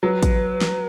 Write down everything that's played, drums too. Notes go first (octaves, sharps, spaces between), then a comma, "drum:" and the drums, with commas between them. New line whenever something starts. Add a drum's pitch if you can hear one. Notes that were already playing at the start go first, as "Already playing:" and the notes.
F#3 B4
drum: kick, hi-hat
drum: snare